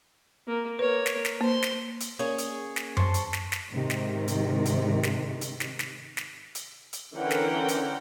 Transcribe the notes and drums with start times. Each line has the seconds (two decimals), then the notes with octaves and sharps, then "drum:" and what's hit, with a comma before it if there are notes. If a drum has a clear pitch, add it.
0.47 A#3
0.79 A#3 B4 C#5
1.06 drum: snare
1.25 drum: snare
1.41 A#3 C5 C6
1.62 drum: snare
2.00 drum: hi-hat
2.19 A#3 C#4 G#4 C#5
2.38 drum: hi-hat
2.76 drum: snare
2.97 C5 A5 C6 C#6, drum: tom F#2
3.14 drum: hi-hat
3.33 drum: snare
3.52 drum: snare
3.71 G#2 C3 D#3
3.90 drum: snare
4.28 drum: hi-hat
4.65 drum: hi-hat
5.03 drum: snare
5.41 drum: hi-hat
5.60 drum: snare
5.79 drum: snare
6.17 drum: snare
6.55 drum: hi-hat
6.93 drum: hi-hat
7.15 D3 E3 C#4 A#4 F#5 G5
7.31 drum: snare
7.68 drum: hi-hat